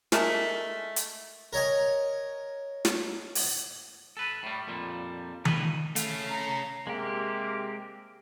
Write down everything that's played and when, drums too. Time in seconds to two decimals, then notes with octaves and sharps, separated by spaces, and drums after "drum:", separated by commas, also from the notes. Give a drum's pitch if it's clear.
0.12 G#3 A3 A#4 A5, drum: snare
0.96 drum: hi-hat
1.53 A#4 C#5 D#5 G#5
2.85 drum: snare
3.35 drum: open hi-hat
4.17 A4 B4
4.43 A2 G3
4.67 F2 A#2 F3 G3
5.45 C#2 A#2 D#3 D#4 B4, drum: tom D#3
5.96 A3 C#4 F5, drum: hi-hat
6.29 A#5
6.87 C3 G#3 A#3 G4